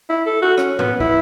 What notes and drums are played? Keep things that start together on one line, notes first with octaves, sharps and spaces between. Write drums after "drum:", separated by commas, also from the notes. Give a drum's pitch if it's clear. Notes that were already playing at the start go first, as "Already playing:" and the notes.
E4
A4
F#4
C#4, drum: rim click
B3, drum: tom G#2
E4, drum: kick